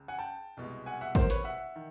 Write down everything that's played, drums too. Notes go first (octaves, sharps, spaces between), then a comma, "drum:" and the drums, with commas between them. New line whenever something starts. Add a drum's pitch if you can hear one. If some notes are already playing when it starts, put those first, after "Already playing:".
Already playing: C#2 C#3
F#5 G#5
G5 A5
C2 B2 G#3
F#5 G#5
E5 F#5
A#4 C5, drum: kick G#1
B4 C#5, drum: hi-hat
E5 F#5
D#3